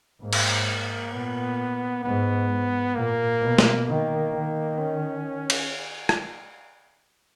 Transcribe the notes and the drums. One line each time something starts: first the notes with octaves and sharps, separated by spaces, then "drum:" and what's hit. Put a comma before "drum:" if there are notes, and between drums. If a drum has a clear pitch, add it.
G#2 A#3
drum: cymbal
A#2 B3
G#2 B3
A#2 A#3
B2
drum: snare
D#3 A#3
D#3
C#4
drum: cymbal
drum: rim click